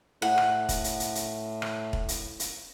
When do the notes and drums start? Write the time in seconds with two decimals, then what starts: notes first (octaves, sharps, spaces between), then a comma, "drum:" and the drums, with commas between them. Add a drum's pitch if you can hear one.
0.22 A2 F#5
0.38 drum: rim click
0.69 drum: kick, hi-hat
0.84 drum: hi-hat
1.00 drum: hi-hat
1.15 drum: hi-hat
1.62 drum: rim click
1.93 drum: kick
2.09 drum: hi-hat
2.40 drum: hi-hat